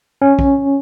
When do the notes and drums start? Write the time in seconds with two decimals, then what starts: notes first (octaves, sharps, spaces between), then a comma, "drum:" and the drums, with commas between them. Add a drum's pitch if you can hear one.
0.22 C#4
0.39 drum: kick